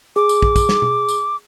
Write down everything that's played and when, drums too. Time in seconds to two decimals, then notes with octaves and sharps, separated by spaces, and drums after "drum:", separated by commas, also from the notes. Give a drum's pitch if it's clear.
0.16 G#4 D6
0.29 drum: tambourine
0.42 drum: kick
0.56 drum: kick, tambourine
0.69 drum: snare
0.82 drum: tom B2
1.09 drum: tambourine